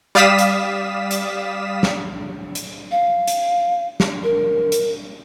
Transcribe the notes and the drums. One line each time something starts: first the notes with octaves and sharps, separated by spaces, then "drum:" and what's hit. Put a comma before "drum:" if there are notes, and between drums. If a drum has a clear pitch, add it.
G3 D5 F5 D#6 B6 E7
drum: hi-hat
drum: hi-hat
drum: snare
drum: hi-hat
F5
drum: hi-hat
drum: snare
A#4
drum: hi-hat